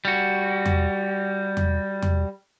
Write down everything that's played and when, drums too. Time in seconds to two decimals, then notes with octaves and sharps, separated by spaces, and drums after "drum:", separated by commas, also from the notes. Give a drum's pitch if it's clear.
0.05 G3 F#4
0.66 drum: tom E2
1.57 drum: tom E2
2.02 drum: tom E2